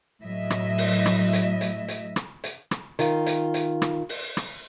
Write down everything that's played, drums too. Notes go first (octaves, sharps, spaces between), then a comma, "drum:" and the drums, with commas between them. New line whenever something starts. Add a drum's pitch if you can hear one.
A2 F#3 D#5 E5
drum: rim click
drum: open hi-hat
drum: rim click
drum: hi-hat
drum: hi-hat
drum: hi-hat
drum: rim click
drum: hi-hat
drum: rim click
D#3 F4, drum: hi-hat
drum: hi-hat
drum: hi-hat
drum: rim click
drum: open hi-hat
drum: rim click